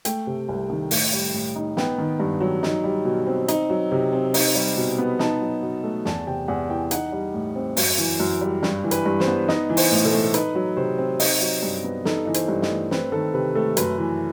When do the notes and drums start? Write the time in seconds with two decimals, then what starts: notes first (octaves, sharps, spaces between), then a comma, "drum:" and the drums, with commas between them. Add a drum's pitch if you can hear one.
0.05 A3 G5, drum: hi-hat
0.27 C3
0.49 C2
0.70 D#3
0.91 A2, drum: open hi-hat
1.13 G3
1.34 A2
1.56 D#4
1.77 B3 G5, drum: snare
1.98 D#3
2.20 G2
2.40 F#3
2.63 D#4, drum: snare
2.84 G3
3.05 B2
3.27 C4
3.48 D#4, drum: hi-hat
3.70 F#3
3.92 C3
4.13 C4
4.34 D#4, drum: open hi-hat
4.55 G3
4.77 B2
4.98 B3
5.19 D#4 A5, drum: snare
5.41 F#3
5.63 B2
5.84 A3
6.05 E2 A5, drum: snare
6.27 C3 G5
6.48 E2 F#5
6.69 E3 G5
6.91 D#4 F#5, drum: hi-hat
7.12 G3
7.34 A2
7.56 C4
7.77 F#2, drum: open hi-hat
7.98 E3
8.20 F#2
8.41 G3
8.63 G2, drum: snare
8.84 E3
8.91 B4, drum: hi-hat
9.06 G2
9.20 C5, drum: snare
9.27 B3
9.48 D#4 D#5, drum: snare
9.70 E3
9.77 C5, drum: open hi-hat
9.91 A2
10.05 A4, drum: tom B2
10.13 A3
10.23 A4
10.34 D#4 B4, drum: hi-hat
10.55 F#3
10.77 C3 C5
10.98 C4
11.20 D#4 D#5, drum: open hi-hat
11.41 F#3
11.63 G2
11.84 B3
12.05 D#4 A4, drum: snare
12.26 E3 D#5
12.34 C5, drum: hi-hat
12.48 G2
12.62 D#5, drum: snare
12.70 A3
12.91 C4 B4, drum: snare
13.12 D#3 A4
13.34 C3 B4
13.55 A3 A4
13.77 F#2 B4, drum: hi-hat
13.98 E3